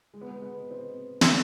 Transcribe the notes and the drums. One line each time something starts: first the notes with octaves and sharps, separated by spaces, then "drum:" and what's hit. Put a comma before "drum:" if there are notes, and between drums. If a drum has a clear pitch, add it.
G#3
B3
G#3
B3
C4
drum: snare